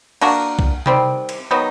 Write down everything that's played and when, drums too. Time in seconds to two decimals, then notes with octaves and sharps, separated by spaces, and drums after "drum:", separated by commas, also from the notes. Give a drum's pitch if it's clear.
0.21 A#3 D4 F#4 A#4, drum: cymbal
0.59 drum: kick
0.86 D#3 G3 C4, drum: tom C3
1.29 drum: cymbal
1.51 D#3 F#3 B3 D#4